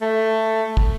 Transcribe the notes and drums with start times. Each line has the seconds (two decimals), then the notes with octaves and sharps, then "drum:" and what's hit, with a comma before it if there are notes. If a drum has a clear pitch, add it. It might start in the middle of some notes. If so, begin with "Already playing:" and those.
0.01 A3
0.77 drum: kick